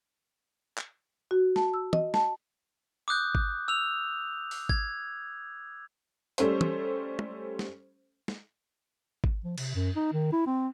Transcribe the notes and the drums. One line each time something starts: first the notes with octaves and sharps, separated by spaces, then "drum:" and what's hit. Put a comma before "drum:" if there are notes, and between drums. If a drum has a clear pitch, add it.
drum: clap
F#4
A5, drum: snare
E6
D#5, drum: tom
A5, drum: snare
D6 D#6 F#6 G6
drum: kick G#1
E6 F7
drum: open hi-hat
G#6, drum: kick G#1
G3 A3 C#4 A4 C5, drum: hi-hat
drum: tom
drum: tom
drum: snare
drum: snare
drum: kick G#1
F3
C3, drum: cymbal
F#2
D#4
D#3
E4
C4